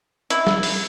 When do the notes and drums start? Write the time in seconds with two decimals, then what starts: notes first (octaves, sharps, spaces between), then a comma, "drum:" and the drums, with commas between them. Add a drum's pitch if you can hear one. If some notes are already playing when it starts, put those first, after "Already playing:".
0.30 E4, drum: hi-hat
0.47 drum: snare G3
0.63 drum: open hi-hat